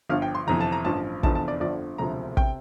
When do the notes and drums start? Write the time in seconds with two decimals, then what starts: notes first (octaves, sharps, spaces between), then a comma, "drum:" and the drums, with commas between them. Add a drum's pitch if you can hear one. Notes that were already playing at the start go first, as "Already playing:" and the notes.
0.09 G1 G2 F3 F5
0.22 G5
0.35 C6
0.47 G1 F2 C3 E3 A#5
0.61 A5
0.72 A#5
0.85 A1 G2 F3 A5
1.23 F1 E2 D3 F3 A5, drum: kick
1.35 A5
1.48 D5
1.60 G1 F2 D3 F3 D5
1.98 E1 D2 C3 F3 A#5
2.37 C3 G5, drum: kick